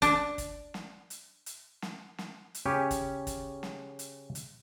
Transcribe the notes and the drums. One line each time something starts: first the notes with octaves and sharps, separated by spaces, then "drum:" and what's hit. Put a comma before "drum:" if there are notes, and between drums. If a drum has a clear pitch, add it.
D4, drum: kick, hi-hat
drum: kick, hi-hat
drum: snare
drum: hi-hat
drum: hi-hat
drum: snare
drum: snare
drum: hi-hat
C#3 C#4 G4 G#5
drum: kick, hi-hat
drum: kick, hi-hat
drum: snare
drum: hi-hat
drum: hi-hat